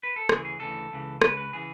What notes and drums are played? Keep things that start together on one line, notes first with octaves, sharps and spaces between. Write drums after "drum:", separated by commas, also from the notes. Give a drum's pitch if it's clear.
B4
A4
D2 C#3 E3 G#4, drum: rim click
G#4
D2 C#3 E3 A4
C#2 C#3 E3
C#2 C#3 B4, drum: rim click
B4
C#3 E3 G#4